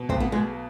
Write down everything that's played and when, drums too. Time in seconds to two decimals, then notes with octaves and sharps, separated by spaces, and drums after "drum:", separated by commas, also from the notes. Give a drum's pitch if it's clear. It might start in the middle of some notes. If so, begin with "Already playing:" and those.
Already playing: B2
0.09 B1 C4, drum: kick
0.20 B3
0.32 B2 G#3